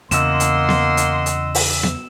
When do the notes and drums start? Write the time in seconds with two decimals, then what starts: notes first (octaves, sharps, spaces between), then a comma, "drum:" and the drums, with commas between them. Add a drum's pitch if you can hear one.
0.11 E2 C#3 A#3 D#5 F#5 C6 E6 E7, drum: hi-hat
0.40 drum: hi-hat
0.69 drum: snare B3
0.97 drum: hi-hat
1.26 drum: hi-hat
1.55 drum: open hi-hat
1.83 drum: snare B3